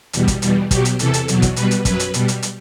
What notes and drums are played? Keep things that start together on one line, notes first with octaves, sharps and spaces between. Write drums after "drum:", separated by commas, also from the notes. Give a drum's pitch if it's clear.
E2 B2 G3, drum: hi-hat
drum: kick, hi-hat
E2 B2 G3, drum: hi-hat
B2 F#3 G4, drum: kick, hi-hat
drum: hi-hat
E2 C3 E3 A4, drum: hi-hat
drum: hi-hat
E2 B2 F#3, drum: hi-hat
drum: kick, hi-hat
B2 G3 B4, drum: hi-hat
drum: hi-hat
F#2 F#3 B4, drum: kick, hi-hat
drum: hi-hat
B2 G3, drum: hi-hat
drum: hi-hat
drum: hi-hat